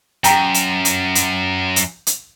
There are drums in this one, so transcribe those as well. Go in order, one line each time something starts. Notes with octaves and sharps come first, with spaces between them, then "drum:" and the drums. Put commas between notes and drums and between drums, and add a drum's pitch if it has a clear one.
F#2 G5 A#5, drum: hi-hat
drum: hi-hat
drum: hi-hat
drum: hi-hat
drum: hi-hat
drum: hi-hat